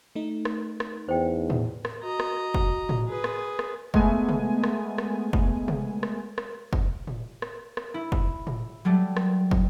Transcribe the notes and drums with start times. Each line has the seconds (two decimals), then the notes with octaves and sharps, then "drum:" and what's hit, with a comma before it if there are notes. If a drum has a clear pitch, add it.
0.15 A3 D#4
0.45 drum: rim click
0.80 drum: rim click
1.09 E2 C5 G5
1.50 drum: tom A2
1.85 drum: rim click
2.03 F#4 D#5 A#5
2.20 drum: rim click
2.54 drum: kick
2.89 drum: tom A2
3.07 G#4 B4
3.24 drum: rim click
3.59 drum: rim click
3.94 G#3 A3 B3 G#5, drum: kick
4.29 drum: tom C3
4.64 drum: rim click
4.98 drum: rim click
5.33 drum: kick
5.68 drum: tom C3
6.03 drum: rim click
6.38 drum: rim click
6.73 drum: kick
7.07 drum: tom A2
7.42 drum: rim click
7.77 drum: rim click
7.94 E4
8.12 drum: kick
8.47 drum: tom A2
8.85 F#3 G3 A3
9.17 drum: rim click
9.51 drum: kick